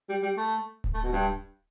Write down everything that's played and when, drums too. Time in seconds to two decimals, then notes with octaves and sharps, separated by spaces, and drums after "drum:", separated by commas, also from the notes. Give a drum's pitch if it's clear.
0.09 G3
0.22 G3
0.37 A3
0.84 drum: kick D1
0.94 A3
1.03 B2
1.13 G2